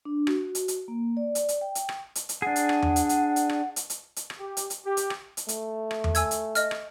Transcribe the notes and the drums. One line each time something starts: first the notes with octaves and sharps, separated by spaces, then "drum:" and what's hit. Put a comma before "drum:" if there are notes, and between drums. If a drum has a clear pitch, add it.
D4
F#4, drum: rim click
drum: hi-hat
drum: hi-hat
A#3
D5
drum: hi-hat
drum: hi-hat
G5
drum: hi-hat
drum: rim click
drum: hi-hat
drum: hi-hat
D4 G#4 F#5
drum: hi-hat
drum: rim click
drum: tom E2
drum: hi-hat
drum: hi-hat
drum: hi-hat
drum: rim click
drum: hi-hat
drum: hi-hat
drum: hi-hat
drum: rim click
G4
drum: hi-hat
drum: hi-hat
G4
drum: hi-hat
drum: rim click
drum: hi-hat
A3, drum: hi-hat
drum: rim click
drum: tom E2
G#5 E6 G#6, drum: hi-hat
drum: hi-hat
D#5 F6, drum: hi-hat
drum: rim click